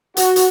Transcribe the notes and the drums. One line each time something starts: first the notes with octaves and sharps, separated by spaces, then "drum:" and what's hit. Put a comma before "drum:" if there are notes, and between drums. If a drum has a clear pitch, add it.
F#4, drum: hi-hat
drum: hi-hat